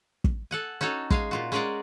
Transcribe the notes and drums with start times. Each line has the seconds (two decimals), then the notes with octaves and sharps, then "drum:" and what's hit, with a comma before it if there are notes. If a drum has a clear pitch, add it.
0.24 drum: kick
0.51 A4 F#5 G#5
0.81 C#4 D#4 F#4 A4 C#5
1.11 G#3 F5 G#5, drum: kick
1.31 A#2 F4 F#4
1.52 G#3 C#4 G#4 A#4 D5 F#5